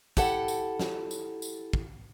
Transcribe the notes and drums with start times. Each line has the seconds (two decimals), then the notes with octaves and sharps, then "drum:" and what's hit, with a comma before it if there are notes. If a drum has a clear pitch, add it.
0.17 E4 G4 A4 F#5, drum: kick, tambourine
0.48 drum: tambourine
0.79 drum: snare
1.11 drum: tambourine
1.42 drum: tambourine
1.73 drum: kick